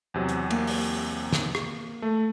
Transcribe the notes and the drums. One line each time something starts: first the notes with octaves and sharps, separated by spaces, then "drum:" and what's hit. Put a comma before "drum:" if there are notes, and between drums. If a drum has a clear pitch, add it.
E2 C3 F#3
drum: hi-hat
A#3, drum: cymbal
drum: open hi-hat
drum: snare
drum: rim click
A3